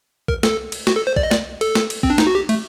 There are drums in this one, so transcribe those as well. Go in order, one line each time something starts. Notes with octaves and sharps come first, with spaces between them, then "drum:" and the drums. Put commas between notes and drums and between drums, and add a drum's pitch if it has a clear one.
A#4, drum: kick A#1
A4, drum: snare
drum: cymbal
F#4, drum: snare
A4
C5
D5, drum: kick A#1
D#5
D5, drum: snare
A4, drum: cymbal
drum: snare
drum: cymbal
C4, drum: kick A#1
D4
D#4, drum: snare
F#4
G4
A3, drum: cymbal